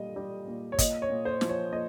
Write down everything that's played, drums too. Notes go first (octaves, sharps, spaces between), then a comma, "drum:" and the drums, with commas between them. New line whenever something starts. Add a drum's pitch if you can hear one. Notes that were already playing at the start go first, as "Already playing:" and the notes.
Already playing: A#2 G3 D#5
G3
A#2
C#5
A#2 D#5, drum: kick, hi-hat
C#5
A#2
C5
F3, drum: snare
C#5
A#2 D#5